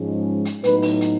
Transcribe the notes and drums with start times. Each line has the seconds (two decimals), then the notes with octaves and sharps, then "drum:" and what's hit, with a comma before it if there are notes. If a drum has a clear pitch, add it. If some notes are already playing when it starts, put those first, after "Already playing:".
Already playing: G#2 F3 G#3 C#4
0.45 drum: hi-hat
0.64 A2 F#3 B3 D#4 B4, drum: hi-hat
0.82 drum: open hi-hat
1.01 drum: hi-hat